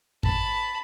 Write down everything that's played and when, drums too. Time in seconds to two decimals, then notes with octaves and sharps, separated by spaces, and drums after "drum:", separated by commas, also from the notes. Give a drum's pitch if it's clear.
0.23 A5 B5, drum: kick